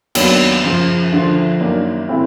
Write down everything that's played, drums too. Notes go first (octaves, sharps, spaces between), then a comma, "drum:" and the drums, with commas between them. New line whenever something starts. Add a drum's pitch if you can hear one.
D#2 D#3 F#3 B3 D4, drum: cymbal
F#2 C#3 F3
D2 D3 F3
F#2 D#3 F#3 A#3 D4
A2 E3 A3 C4 E4